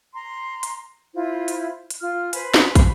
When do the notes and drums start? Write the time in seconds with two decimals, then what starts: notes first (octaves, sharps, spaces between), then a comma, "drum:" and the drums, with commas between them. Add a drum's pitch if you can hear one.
0.15 A#5 C6
0.63 drum: hi-hat
1.14 E4 F4 C5
1.48 drum: hi-hat
1.90 drum: hi-hat
2.00 F4 F6
2.33 B4 C5 G#5 B5, drum: hi-hat
2.54 drum: snare
2.75 drum: kick, hi-hat